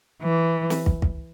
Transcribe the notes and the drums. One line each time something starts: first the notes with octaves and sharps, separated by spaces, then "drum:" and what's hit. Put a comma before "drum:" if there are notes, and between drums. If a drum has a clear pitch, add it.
E3
drum: snare
drum: kick
drum: kick